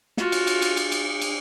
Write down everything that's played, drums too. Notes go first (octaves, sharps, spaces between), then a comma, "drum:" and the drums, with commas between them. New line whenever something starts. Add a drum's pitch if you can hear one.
F4 F#4, drum: snare
drum: cymbal
drum: cymbal
drum: cymbal
drum: cymbal
drum: cymbal
drum: cymbal